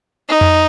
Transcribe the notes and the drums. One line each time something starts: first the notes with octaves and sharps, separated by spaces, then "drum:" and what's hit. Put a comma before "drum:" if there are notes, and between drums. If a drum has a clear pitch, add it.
D#4
drum: tom F2